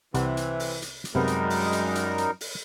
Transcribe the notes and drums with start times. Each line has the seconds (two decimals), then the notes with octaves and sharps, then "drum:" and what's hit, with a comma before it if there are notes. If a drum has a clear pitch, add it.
0.14 C2 C3 E3 G3 F#5, drum: hi-hat
0.37 drum: hi-hat
0.60 drum: open hi-hat
0.82 drum: hi-hat
1.05 drum: hi-hat
1.15 F#2 C3 G3 G#3 B3 D#4 A#4
1.27 drum: hi-hat
1.50 drum: open hi-hat
1.73 drum: hi-hat
1.95 drum: hi-hat
2.18 drum: hi-hat
2.41 drum: open hi-hat